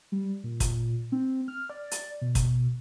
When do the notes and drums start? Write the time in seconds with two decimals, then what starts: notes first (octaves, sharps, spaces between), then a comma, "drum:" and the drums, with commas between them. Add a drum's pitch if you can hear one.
0.12 G3
0.44 A#2
0.60 drum: kick, hi-hat
1.12 C4
1.48 F6
1.70 D5
1.91 drum: hi-hat
2.22 B2
2.35 drum: kick, hi-hat